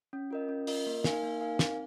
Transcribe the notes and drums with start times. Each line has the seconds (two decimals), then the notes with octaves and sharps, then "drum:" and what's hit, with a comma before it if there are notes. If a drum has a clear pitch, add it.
0.13 C#4
0.31 F4 A#4 D#5
0.49 C#4
0.67 F4 A#4 D#5, drum: open hi-hat
0.87 A#3
1.04 D#4 A#4 F5 G#5, drum: snare
1.23 A#3
1.41 D#4 A#4 F5 G#5
1.59 C4, drum: snare